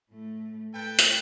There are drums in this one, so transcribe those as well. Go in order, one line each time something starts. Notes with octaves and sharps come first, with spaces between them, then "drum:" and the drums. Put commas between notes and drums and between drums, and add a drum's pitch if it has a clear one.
A2 A3
A2 A4 B4 G5
drum: hi-hat